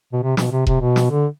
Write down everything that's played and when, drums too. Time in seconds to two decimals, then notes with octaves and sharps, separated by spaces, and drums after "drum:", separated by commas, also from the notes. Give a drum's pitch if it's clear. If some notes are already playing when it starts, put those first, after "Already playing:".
0.13 B2
0.22 C3
0.37 B2, drum: snare
0.52 C3
0.67 C3, drum: kick E1
0.81 B2
0.96 drum: snare
1.11 D3